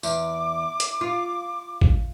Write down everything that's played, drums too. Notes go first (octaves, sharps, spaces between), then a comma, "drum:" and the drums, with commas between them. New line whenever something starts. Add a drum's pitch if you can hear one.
E2 D6, drum: tambourine
drum: hi-hat
F4
drum: kick A1